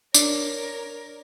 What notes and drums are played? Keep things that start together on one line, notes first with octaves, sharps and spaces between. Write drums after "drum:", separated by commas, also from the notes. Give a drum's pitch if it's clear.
D4 A#4 C#5 D5, drum: tambourine